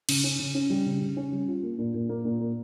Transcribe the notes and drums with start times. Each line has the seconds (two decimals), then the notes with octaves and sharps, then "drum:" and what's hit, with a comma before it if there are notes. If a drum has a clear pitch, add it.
0.09 C#3, drum: cymbal
0.24 C#4
0.39 C#3
0.55 C#4
0.70 G3
0.86 C#3
1.01 C#3
1.17 C#4
1.32 G3
1.48 F4
1.63 A#3
1.78 A#2
1.94 A#2
2.09 A#3
2.25 A#2
2.40 A#3